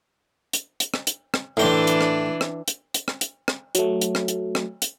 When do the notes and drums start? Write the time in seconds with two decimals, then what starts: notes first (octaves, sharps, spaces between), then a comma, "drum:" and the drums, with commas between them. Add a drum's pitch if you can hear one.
0.53 drum: hi-hat
0.80 drum: hi-hat
0.94 drum: rim click
1.07 drum: hi-hat
1.34 drum: rim click
1.57 A2 E3 D4 G5 C6
1.87 drum: hi-hat
2.01 drum: rim click
2.41 drum: rim click
2.68 drum: hi-hat
2.94 drum: hi-hat
3.08 drum: rim click
3.21 drum: hi-hat
3.48 drum: rim click
3.75 F#3 A3, drum: hi-hat
4.01 drum: hi-hat
4.15 drum: rim click
4.28 drum: hi-hat
4.55 drum: rim click
4.82 drum: hi-hat